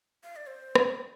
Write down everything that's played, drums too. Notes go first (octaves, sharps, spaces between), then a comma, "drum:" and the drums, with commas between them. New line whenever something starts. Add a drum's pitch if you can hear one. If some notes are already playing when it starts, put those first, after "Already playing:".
F5
D5
C5
drum: rim click